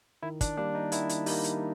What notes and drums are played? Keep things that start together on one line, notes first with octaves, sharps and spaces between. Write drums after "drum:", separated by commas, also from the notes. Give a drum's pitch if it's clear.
D#3 E4
D4, drum: kick, hi-hat
G3 A#3 D4
D#4
D#3 E4, drum: hi-hat
drum: hi-hat
G3 A#3 D#4, drum: open hi-hat
drum: hi-hat